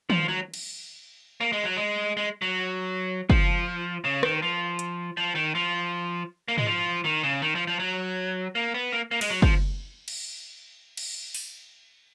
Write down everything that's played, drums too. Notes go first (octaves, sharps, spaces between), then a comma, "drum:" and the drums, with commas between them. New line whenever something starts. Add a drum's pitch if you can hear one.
F3, drum: tom D#3
F#3
drum: cymbal
A#3
G#3
F#3
G#3
G#3
F#3
F3, drum: kick
C#3
D#3, drum: rim click
F3
drum: hi-hat
F3
D#3
F3
A#3
G#3, drum: tom G#2
F3
D#3
C#3
D#3
F3
F3
F#3
A#3
B3
A#3
A#3
G#3, drum: cymbal
F#3
F3, drum: kick
drum: cymbal
drum: cymbal
drum: open hi-hat